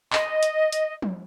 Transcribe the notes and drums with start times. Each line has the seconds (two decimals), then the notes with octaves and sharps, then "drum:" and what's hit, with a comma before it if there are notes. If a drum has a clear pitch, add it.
0.13 D#5, drum: clap
0.43 drum: hi-hat
0.72 drum: hi-hat
1.02 drum: tom F3